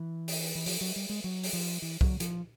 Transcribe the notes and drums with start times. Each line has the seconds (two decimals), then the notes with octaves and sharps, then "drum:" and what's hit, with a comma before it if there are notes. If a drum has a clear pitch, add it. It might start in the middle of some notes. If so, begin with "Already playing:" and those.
Already playing: E3
0.28 drum: open hi-hat
0.55 E3
0.66 F3, drum: open hi-hat
0.81 F#3
0.96 G3
1.09 G#3
1.24 F#3
1.43 drum: open hi-hat
1.53 F3
1.82 E3
2.01 F#3, drum: kick C2
2.20 F3, drum: hi-hat